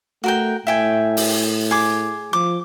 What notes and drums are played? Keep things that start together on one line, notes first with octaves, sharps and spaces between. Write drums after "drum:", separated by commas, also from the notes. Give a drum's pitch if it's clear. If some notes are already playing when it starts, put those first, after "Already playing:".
A3 F#4 A#4 G5
A2 E5 G5 G#5
drum: open hi-hat
G#4 D6
F3 D6